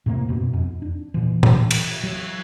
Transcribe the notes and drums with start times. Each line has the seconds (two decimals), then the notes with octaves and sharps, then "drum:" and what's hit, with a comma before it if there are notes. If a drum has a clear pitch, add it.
0.06 A2 C3 A3 A#3
0.29 F#2 B2
0.53 F2
0.82 D4
1.14 A#2 E3
1.43 drum: tom A#2
1.71 drum: cymbal
2.04 F#3